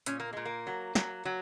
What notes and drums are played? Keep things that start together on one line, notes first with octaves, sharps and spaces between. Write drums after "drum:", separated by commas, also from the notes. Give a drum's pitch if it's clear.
A#2 C#4, drum: hi-hat
A#3
A#2 G#3
A#3
F#3
F#3, drum: snare
F#3